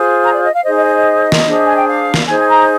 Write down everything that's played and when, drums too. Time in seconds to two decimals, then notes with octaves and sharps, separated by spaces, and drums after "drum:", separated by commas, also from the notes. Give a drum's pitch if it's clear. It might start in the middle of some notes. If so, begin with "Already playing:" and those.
Already playing: F4 G#4 C5
0.23 A#5
0.33 D5
0.44 D#5
0.54 F5
0.63 D#4 G#4 C5 D#5
0.74 D#5
0.84 D#5
0.95 D#5
1.32 drum: snare
1.45 D4 G#4 C5
1.66 G#5
1.76 G5
1.86 F5
2.14 drum: snare
2.27 D#4 G#4 C5 G#5
2.39 G#5
2.48 A#5